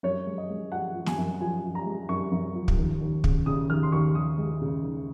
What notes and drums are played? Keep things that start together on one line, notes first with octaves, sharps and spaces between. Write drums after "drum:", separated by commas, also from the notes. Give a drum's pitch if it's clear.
F#2 C#5
G#3
D#5
G#3
F3 F#5
F3
G#5, drum: snare
F#2
F3 G#5
F3
A#5
G#3
F#2 C#6
F#2
F3
drum: kick
D#2
D#2
C#3, drum: kick
C#3 D#6
D#2 F6
C6
D#2 C#6
D#2 D#6
G#3
C#3
D#2